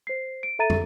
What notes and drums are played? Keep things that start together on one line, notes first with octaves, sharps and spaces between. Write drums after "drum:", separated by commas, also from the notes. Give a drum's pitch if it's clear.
C5 C7
D7
A4 E5 A#5 A6 D#7
drum: tom